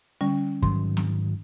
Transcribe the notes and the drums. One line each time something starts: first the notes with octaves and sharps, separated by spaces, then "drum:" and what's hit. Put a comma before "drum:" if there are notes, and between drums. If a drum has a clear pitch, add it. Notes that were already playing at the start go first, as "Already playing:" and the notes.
D3 G3 C#4
G#2 D#3 F#3 C6, drum: kick
drum: snare